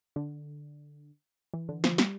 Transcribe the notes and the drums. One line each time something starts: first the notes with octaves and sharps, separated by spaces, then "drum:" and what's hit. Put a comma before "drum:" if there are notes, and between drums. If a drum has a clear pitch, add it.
D3
E3
D3
F3, drum: snare
G3, drum: snare